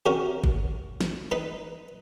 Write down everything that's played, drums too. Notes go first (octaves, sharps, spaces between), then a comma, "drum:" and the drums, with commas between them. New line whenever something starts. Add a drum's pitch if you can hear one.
C3 C#4 F#4 A#4
drum: kick G1
drum: snare
D#4 B4 B5